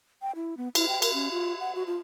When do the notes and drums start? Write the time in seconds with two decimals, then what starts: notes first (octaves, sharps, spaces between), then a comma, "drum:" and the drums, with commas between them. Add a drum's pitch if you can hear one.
0.22 G5
0.36 E4
0.57 B3
0.75 E4, drum: cymbal
0.89 G5
1.02 A#4, drum: cymbal
1.14 C#4
1.31 F4
1.60 F#5
1.75 F#4
1.87 F4